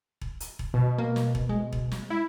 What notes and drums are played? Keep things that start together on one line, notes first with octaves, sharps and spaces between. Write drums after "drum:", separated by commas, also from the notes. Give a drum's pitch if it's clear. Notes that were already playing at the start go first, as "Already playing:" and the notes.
drum: kick E1
drum: hi-hat
drum: kick E1
B2
A#3
drum: snare
drum: kick E1
G#3
drum: kick E1
drum: snare
E4